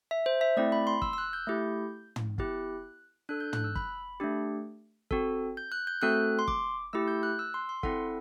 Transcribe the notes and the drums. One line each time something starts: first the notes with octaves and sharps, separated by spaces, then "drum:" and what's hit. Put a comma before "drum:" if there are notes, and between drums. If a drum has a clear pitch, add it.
E5
C5
E5
A3 C4 E4 D5
B5
C6
E6, drum: kick
E6
F#6
G6
A3 E4 G4
drum: tom
B3 E4 G4 F#6, drum: kick
D4 A4 F#6
G6
F#6, drum: tom
E6
B5, drum: kick
A3 D4 G4
C4 F#4 A4, drum: kick
G6
F#6
G6
A3 C4 F#4 A4 F#6
C6
D6, drum: kick
A3 E4 G4 E6
G6
F#6
E6
C6
C6
C4 E4 A4 F#5, drum: kick